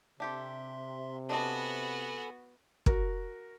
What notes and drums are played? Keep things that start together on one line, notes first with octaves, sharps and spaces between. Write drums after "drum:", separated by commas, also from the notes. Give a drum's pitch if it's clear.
C3 D4 G4 A4 E5 C6
B3 D4 F#4 A4 D#5 G#5 A5 B5
F#4 A#4, drum: kick